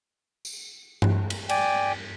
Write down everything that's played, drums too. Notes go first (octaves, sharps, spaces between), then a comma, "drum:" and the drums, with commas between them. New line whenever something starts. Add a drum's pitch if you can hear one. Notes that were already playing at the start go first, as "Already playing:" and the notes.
drum: tambourine
drum: tom G2
drum: cymbal
D5 G5 G#5, drum: cymbal